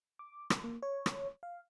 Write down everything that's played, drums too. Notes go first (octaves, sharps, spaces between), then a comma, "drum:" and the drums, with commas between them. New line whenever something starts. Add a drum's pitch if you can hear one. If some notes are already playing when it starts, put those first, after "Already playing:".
D6
drum: rim click
A#3
C#5
drum: rim click
F5